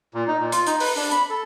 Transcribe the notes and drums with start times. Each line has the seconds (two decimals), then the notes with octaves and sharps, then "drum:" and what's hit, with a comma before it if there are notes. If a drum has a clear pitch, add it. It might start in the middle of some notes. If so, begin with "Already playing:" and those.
0.14 A#2
0.28 D#4
0.39 A#2
0.52 F4, drum: hi-hat
0.67 D#4, drum: hi-hat
0.80 B4, drum: open hi-hat
0.96 D4, drum: open hi-hat
1.11 B5, drum: hi-hat
1.30 A4